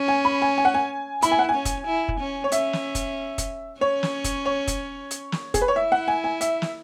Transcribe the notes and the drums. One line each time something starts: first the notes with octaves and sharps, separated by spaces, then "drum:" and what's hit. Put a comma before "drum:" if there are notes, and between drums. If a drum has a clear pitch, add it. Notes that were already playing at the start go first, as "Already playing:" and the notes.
Already playing: C#4
G#5
B5
G#5
G#5
F#5
G#5
E4 B5, drum: hi-hat
G#5
F#5
G#5
C#4
drum: kick, hi-hat
E4
drum: kick
C#4
C#5
C#4 E5, drum: hi-hat
drum: snare
drum: kick, hi-hat
drum: kick, hi-hat
C#4 C#5
drum: snare
drum: kick, hi-hat
C#5
drum: kick, hi-hat
drum: hi-hat
drum: snare
G#4, drum: kick, hi-hat
B4
C#5
E4 E5
F#5
G#5
G#5
E5, drum: hi-hat
drum: snare